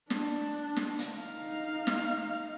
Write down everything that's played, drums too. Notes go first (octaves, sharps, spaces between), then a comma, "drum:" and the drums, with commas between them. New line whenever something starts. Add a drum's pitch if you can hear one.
D4, drum: snare
drum: snare
drum: hi-hat
D#4 F5
drum: snare